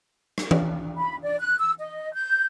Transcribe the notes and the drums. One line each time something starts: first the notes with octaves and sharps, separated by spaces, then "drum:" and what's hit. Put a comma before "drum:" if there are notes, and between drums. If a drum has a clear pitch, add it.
drum: rim click
drum: tom
B5
D5
F#6
E6
D#5
G6